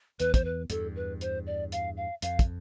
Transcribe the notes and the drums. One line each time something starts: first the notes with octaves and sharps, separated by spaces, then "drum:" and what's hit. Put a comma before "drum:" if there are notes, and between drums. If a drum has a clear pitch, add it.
E2 B4, drum: hi-hat
C5, drum: kick, hi-hat
B4
E2 G2 A4, drum: hi-hat
B4
C5, drum: hi-hat
D5
F5, drum: hi-hat
F5
F2 F5, drum: hi-hat
drum: kick, hi-hat